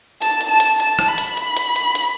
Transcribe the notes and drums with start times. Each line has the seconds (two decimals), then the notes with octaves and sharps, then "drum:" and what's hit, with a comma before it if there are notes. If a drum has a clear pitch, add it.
0.22 A5, drum: hi-hat
0.41 drum: hi-hat
0.50 A5
0.60 drum: hi-hat
0.80 A5, drum: hi-hat
0.99 drum: rim click
1.08 B5
1.18 drum: hi-hat
1.37 drum: hi-hat
1.57 drum: hi-hat
1.76 drum: hi-hat
1.95 drum: hi-hat